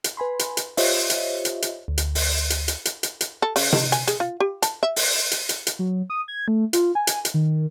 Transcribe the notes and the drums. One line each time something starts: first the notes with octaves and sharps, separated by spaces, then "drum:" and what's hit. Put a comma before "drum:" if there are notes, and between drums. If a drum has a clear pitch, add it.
drum: hi-hat
B4 G#5 B5 C6
drum: hi-hat
drum: hi-hat
F4 G4 C5 C#5 D#5 E5, drum: open hi-hat
drum: hi-hat
drum: hi-hat
drum: hi-hat
D2
drum: hi-hat
drum: open hi-hat
drum: hi-hat
drum: hi-hat
drum: hi-hat
drum: hi-hat
drum: hi-hat
A4
C#3, drum: open hi-hat
D#3, drum: tom C3
G#5, drum: hi-hat
G#4, drum: hi-hat
F4
G4
A5, drum: hi-hat
E5
drum: open hi-hat
drum: hi-hat
drum: hi-hat
drum: hi-hat
F#3
D#6
G#6
A3
F4, drum: hi-hat
G#5
drum: hi-hat
drum: hi-hat
D#3